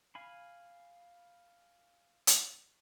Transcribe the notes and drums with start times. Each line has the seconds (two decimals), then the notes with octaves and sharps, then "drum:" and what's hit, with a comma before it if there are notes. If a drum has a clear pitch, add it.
0.15 F5 G#5 B5
2.27 drum: hi-hat